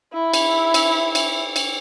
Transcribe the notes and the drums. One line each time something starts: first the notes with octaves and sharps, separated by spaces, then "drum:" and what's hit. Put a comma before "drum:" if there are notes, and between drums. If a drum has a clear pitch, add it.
E4 E5
drum: cymbal
drum: cymbal
drum: cymbal
drum: cymbal